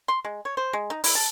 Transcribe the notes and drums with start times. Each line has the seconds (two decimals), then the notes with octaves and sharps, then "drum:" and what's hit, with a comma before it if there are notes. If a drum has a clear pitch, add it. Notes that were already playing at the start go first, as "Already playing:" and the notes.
0.08 C6
0.25 G#3
0.45 C#5
0.57 C5
0.73 G#3
0.90 D#4
1.04 E4, drum: open hi-hat
1.15 A5